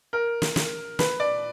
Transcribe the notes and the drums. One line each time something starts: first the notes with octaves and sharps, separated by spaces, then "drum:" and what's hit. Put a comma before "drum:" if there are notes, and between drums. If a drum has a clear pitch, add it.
A#4
drum: snare
drum: snare
B4, drum: snare
D5